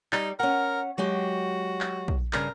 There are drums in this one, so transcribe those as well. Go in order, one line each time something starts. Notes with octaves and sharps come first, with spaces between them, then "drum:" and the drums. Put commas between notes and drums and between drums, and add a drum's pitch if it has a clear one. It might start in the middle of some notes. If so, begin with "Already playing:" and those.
G3 D#4, drum: clap
C#4 A#4 F#5
F#3 G#3 F#4 G4
drum: clap
drum: kick
G2 C#3 A#4, drum: clap